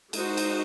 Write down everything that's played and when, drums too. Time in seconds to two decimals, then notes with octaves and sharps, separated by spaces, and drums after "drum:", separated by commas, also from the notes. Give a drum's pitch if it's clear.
0.13 G#3 D#4 F#4 C5, drum: cymbal
0.37 drum: cymbal